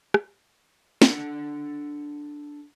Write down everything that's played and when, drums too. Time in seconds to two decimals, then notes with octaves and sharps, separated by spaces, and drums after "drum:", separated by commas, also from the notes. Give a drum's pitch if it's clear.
0.14 drum: rim click
1.02 D4 A4 F#5, drum: snare